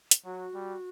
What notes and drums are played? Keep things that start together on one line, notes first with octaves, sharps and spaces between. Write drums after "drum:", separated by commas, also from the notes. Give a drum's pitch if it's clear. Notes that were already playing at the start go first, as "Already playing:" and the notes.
drum: hi-hat
F#3 F#4
G3